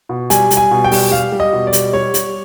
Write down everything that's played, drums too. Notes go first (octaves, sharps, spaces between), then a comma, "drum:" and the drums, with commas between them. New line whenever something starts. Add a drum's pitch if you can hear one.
B2
G3 G#5, drum: hi-hat
G3, drum: hi-hat
G#5
B2
G5
G3, drum: open hi-hat
G3 F5
G3
D#5
B2
D5
G3, drum: hi-hat
G3 C#5
G3, drum: hi-hat